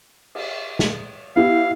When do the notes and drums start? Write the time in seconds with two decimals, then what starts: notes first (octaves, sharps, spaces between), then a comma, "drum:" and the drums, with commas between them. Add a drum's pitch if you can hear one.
0.35 drum: cymbal
0.79 drum: snare
1.36 B3 E4 G4 F5